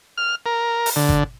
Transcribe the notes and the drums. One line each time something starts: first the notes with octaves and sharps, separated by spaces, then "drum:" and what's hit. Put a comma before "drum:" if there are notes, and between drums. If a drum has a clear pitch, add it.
F6
A#4
drum: open hi-hat
D3
drum: kick G1